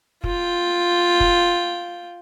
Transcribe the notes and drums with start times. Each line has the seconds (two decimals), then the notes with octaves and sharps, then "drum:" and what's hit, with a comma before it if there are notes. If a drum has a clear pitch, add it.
0.24 F4 G5, drum: kick
1.20 drum: kick